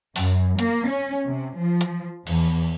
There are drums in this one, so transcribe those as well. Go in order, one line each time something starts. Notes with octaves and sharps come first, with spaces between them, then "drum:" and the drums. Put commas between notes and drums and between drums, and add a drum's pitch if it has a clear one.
F#2, drum: open hi-hat
A#3, drum: hi-hat
C#4
C3
F3
drum: hi-hat
E2, drum: cymbal